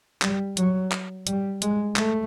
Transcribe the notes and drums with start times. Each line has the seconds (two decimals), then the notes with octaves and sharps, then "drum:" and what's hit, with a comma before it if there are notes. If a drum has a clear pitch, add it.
0.22 G3, drum: clap
0.57 F#3, drum: hi-hat
0.92 drum: clap
1.27 G3, drum: hi-hat
1.62 G#3, drum: hi-hat
1.96 A3, drum: clap